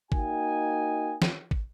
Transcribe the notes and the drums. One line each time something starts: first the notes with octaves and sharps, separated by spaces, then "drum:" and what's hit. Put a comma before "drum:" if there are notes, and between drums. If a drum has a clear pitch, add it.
A#3 D#4 F#4 D#5 G5 G#5, drum: kick
drum: snare
drum: kick